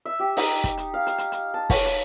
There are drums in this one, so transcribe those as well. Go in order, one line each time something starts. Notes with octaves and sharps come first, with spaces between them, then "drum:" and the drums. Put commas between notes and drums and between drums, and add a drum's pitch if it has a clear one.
E5
G4
D#4, drum: open hi-hat
drum: kick, hi-hat
drum: hi-hat
F5
F5, drum: hi-hat
drum: hi-hat
drum: hi-hat
A5
C#5, drum: kick, open hi-hat
drum: hi-hat